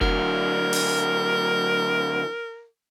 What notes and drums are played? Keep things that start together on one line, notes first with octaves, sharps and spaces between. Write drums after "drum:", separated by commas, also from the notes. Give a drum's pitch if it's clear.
D3 F#3 A#4, drum: kick F1
drum: open hi-hat